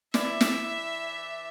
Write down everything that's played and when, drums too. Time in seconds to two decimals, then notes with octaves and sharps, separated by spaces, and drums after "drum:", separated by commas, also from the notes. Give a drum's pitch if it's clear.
0.14 E3 D5 E5, drum: snare
0.41 drum: snare